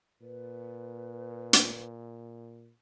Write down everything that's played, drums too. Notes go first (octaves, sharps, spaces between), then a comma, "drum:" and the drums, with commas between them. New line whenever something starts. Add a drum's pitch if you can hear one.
A#2 B4
drum: hi-hat